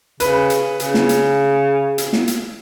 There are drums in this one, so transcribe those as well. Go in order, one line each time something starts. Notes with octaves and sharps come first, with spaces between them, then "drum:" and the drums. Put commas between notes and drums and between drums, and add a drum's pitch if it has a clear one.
C#3 B4, drum: hi-hat
drum: hi-hat
C#3, drum: hi-hat
drum: snare
drum: hi-hat
drum: hi-hat
drum: snare
drum: hi-hat